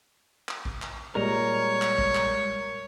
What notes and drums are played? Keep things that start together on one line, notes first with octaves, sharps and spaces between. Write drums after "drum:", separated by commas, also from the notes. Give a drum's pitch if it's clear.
drum: clap
drum: kick
drum: clap
A#2 G3 G#3 A#4 C#5 A#5
drum: clap
drum: kick
drum: clap